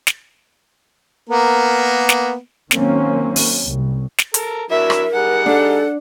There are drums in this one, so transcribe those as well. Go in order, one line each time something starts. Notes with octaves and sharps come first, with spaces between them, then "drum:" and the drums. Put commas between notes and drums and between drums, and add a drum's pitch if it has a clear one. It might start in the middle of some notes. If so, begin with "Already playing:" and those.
drum: snare
A#3 B3 A#4
drum: snare
D#3 F#3 A#3 C4 C#4, drum: snare
drum: open hi-hat
C2
drum: snare
A4 A#4, drum: hi-hat
F#3 D4 E4 A#4 E5
drum: rim click
G3 D#4 G#4 F#5
D4 A4